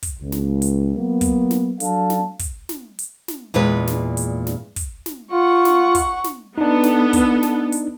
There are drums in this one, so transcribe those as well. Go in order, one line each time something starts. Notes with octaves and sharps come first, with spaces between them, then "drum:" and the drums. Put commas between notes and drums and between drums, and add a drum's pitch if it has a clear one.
drum: kick, hi-hat
C#2
drum: snare
drum: hi-hat
F#3 A#3 B3
drum: kick, hi-hat
drum: snare
F#3 D4 A4 F5 A5, drum: hi-hat
drum: snare
drum: kick, hi-hat
drum: snare
drum: hi-hat
drum: snare
E2 A#2 G#3 B4
drum: snare
drum: hi-hat
drum: snare
drum: kick, hi-hat
drum: snare
F4 F#5 C#6
drum: snare
drum: kick, hi-hat
drum: snare
B3 D4 D#4 A4
drum: snare
drum: kick, hi-hat
drum: snare
drum: hi-hat